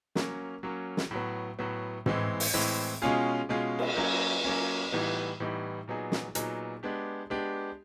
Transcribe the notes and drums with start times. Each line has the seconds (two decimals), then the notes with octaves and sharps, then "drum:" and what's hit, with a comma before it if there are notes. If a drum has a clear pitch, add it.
0.15 F#3 A#3 C#4, drum: snare
0.63 F#3 A#3 C#4
0.97 drum: snare
1.11 A2 F#3 B3
1.59 A2 F#3 B3
2.06 A2 E3 G#3 C4, drum: tom
2.40 drum: open hi-hat
2.54 A2 E3 G#3 C4
3.02 B2 G#3 C#4 F4 G#4
3.49 B2 G#3 C#4 F4 G#4
3.79 drum: cymbal
3.97 F#3 A#3 C#4
4.44 F#3 A#3 C#4
4.92 A2 E3 G3 B3 D#4
5.40 A2 E3 G3 B3 D#4
5.88 A#2 F#3 B3 D#4 G#4
6.12 drum: snare
6.35 A#2 F#3 B3 D#4 G#4, drum: hi-hat
6.83 G#3 B3 D4 G4
7.30 G#3 B3 D4 G4